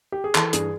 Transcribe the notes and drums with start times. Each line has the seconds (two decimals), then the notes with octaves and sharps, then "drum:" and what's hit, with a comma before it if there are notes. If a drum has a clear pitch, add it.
0.12 G4
0.24 G#4
0.35 E3 A4, drum: clap
0.53 G2 G#4, drum: hi-hat